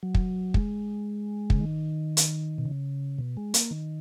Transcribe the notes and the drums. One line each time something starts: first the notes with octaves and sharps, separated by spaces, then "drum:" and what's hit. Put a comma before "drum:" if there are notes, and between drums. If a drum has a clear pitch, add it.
F#3
drum: kick
G#3, drum: kick
C#3, drum: kick
D#3
drum: hi-hat
B2
C#3
B2
G#3
A#3, drum: hi-hat
D#3